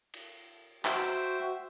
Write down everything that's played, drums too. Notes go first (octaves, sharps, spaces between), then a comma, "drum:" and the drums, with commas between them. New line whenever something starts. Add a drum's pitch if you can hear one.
drum: cymbal
F#4 C5 E5 G5, drum: clap